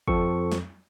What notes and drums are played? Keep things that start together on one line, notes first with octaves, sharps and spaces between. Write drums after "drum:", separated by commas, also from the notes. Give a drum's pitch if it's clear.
F2 F3 C4 A4 C#6, drum: kick
drum: snare